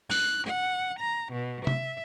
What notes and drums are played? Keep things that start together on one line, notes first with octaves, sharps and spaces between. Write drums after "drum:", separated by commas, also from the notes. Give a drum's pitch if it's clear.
F#6, drum: open hi-hat
F#5
A#5
B2
E5, drum: tom